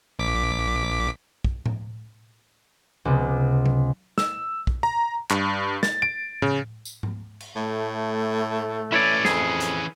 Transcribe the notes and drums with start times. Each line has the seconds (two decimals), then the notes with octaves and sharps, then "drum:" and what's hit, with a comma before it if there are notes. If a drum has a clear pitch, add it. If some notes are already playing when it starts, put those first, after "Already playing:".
0.19 A#1 D6 B6
1.45 drum: kick
1.66 drum: tom A2
3.05 C#2 C3 B3
3.66 drum: tom F#3
4.18 E6, drum: snare
4.67 drum: kick
4.83 A#5
5.30 G2, drum: clap
5.83 A6, drum: snare
6.02 D7
6.42 C#3, drum: tom A2
6.85 drum: tambourine
7.03 drum: tom G#2
7.40 drum: cymbal
7.56 A2 A3
8.92 E3 C#4 E4 C#5 D5
9.25 F2 G#4, drum: snare
9.60 drum: hi-hat